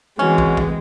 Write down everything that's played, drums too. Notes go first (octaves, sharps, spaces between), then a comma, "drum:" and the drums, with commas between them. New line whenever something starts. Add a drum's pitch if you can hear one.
E3 G#3 C4 C#4 F#4
drum: kick
drum: kick